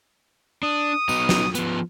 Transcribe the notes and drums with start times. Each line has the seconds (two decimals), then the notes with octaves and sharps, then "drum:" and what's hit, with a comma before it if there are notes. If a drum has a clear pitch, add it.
0.63 D4 D#6
1.09 F#3 B3 D#4, drum: tambourine
1.29 drum: snare
1.55 F3 B3, drum: hi-hat